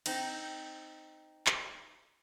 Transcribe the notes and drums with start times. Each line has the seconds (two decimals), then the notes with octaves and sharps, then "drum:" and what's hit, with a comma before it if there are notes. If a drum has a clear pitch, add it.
0.06 C4 D#4, drum: cymbal
1.47 drum: clap